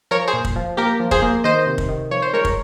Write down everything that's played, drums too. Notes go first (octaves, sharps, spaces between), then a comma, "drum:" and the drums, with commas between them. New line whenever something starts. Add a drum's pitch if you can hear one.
F3 A#4 C#5
G#4 C5
A#2
drum: kick
F3
A#3 G4 A#4
F3
G#4 C5, drum: kick
A#3
D#3 C5 D#5
C3
drum: kick
D#3
F3 C#5
C5
G#3 A#4 C#5
drum: kick